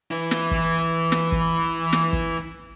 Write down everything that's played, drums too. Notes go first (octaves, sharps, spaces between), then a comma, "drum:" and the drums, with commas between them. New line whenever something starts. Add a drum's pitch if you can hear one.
E3 E4
drum: snare
drum: kick
drum: snare
drum: kick
drum: snare
drum: kick